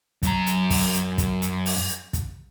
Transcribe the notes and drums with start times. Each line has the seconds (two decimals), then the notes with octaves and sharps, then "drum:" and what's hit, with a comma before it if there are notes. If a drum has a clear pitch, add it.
0.23 F#2 A#5, drum: kick, hi-hat
0.46 drum: hi-hat
0.70 drum: kick, open hi-hat
0.94 drum: hi-hat
1.18 drum: kick, hi-hat
1.42 drum: hi-hat
1.66 drum: open hi-hat
1.89 drum: hi-hat
2.13 drum: kick, hi-hat